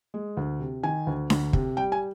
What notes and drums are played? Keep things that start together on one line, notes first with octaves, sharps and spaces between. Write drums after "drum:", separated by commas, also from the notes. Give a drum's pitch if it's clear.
G#3
D2
C3
D#3 G#5
D2
D2, drum: snare D4
C3, drum: kick
G3 G5
G#5